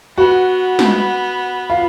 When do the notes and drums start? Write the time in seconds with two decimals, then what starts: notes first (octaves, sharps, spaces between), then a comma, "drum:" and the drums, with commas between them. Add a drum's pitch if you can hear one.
0.17 B3 F#4
0.79 drum: snare
1.70 F4